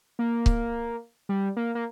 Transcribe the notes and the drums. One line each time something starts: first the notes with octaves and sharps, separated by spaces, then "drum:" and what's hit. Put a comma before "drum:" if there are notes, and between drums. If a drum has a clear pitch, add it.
A#3
drum: kick C#1
G3
A#3
A#3